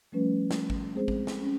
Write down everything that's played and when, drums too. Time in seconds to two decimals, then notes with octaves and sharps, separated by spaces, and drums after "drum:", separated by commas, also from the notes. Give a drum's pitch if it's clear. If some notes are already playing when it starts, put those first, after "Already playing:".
0.12 F3 G3 A3 C#4 B4
0.51 drum: snare
0.70 drum: kick G#1
0.95 G#3 C4 G#4 C5
1.08 drum: kick G#1
1.27 drum: snare
1.42 C#4